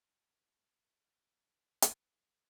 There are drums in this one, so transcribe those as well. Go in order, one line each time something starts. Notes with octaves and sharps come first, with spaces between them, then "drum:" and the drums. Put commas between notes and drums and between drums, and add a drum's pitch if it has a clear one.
E5 A5 C#6 F6
drum: hi-hat